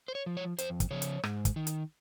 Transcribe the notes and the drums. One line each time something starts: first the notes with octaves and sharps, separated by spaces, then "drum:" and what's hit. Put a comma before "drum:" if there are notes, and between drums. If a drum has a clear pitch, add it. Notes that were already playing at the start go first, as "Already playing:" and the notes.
C5
C#5
F3
C#5
F2 C5, drum: hi-hat
drum: kick, hi-hat
C#3 F3 C#5
drum: hi-hat
G#2, drum: rim click
drum: kick, hi-hat
D#3
drum: hi-hat